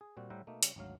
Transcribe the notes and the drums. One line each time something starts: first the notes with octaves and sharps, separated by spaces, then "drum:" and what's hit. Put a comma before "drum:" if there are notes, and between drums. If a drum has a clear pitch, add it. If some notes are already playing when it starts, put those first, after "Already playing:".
G#4
A#2 G3 C4 F#4
A2 G3 C5 E5 F#5 A#5
B2 A3 A#3 D#4
C#3 G3, drum: hi-hat
G#1 D2 F#3 F5